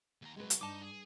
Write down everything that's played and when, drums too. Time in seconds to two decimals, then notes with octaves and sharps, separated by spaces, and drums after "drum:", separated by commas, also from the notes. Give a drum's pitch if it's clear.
0.22 D#2 A#5
0.36 C2 F#3 G#3 B4
0.50 drum: hi-hat
0.61 G2 D#4 A5 D6
0.82 G#4